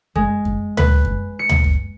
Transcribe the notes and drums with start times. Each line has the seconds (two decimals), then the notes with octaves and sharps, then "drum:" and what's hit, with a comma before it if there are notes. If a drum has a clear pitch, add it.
0.15 G#3, drum: kick F#2
0.45 drum: kick F#2
0.77 B4, drum: tom D2
1.05 drum: kick F#2
1.39 C#7
1.49 drum: tom D2
1.64 drum: kick F#2